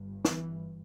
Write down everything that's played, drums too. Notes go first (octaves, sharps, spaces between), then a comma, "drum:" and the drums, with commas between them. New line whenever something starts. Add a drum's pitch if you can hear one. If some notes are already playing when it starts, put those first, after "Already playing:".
Already playing: G1 G2
E3, drum: snare